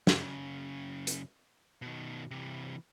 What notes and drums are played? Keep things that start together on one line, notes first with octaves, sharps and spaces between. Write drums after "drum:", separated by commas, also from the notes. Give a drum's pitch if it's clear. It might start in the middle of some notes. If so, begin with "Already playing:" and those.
F#2 C#3, drum: snare
drum: hi-hat
B2 D#3
C3 E3